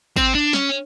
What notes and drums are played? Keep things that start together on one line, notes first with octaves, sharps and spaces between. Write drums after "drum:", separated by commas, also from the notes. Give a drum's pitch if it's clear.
C4, drum: kick G#1, tambourine
D4
C#4, drum: snare